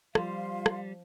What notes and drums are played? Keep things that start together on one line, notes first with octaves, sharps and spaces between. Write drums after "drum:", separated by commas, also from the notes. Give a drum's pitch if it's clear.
F3 G3 F5 C6, drum: rim click
drum: rim click